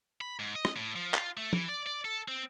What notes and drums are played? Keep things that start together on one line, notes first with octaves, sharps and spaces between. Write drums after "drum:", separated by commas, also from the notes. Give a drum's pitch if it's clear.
B5
G#2
D#5
drum: rim click
A2
F3
F4, drum: clap
A3
E3, drum: tom
D5
D5
A4
C4